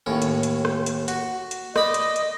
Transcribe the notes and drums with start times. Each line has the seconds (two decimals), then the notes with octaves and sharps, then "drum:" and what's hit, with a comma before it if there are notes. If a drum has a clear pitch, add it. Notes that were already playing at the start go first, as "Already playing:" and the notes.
0.06 D#2 A2 C#4
0.22 drum: hi-hat
0.43 drum: hi-hat
0.65 drum: rim click
0.86 drum: hi-hat
1.08 F#4, drum: hi-hat
1.51 drum: hi-hat
1.76 D5 D#5 B5, drum: rim click
1.94 drum: hi-hat
2.16 drum: hi-hat